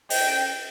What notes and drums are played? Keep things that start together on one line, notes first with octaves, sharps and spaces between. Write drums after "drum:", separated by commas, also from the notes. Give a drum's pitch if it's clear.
G5, drum: open hi-hat